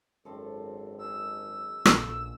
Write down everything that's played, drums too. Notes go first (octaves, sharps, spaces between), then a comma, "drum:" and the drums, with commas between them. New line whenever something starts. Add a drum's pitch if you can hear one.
G#1 F#2 C4 A4
D#4 G#4 E6
A#1 A3, drum: rim click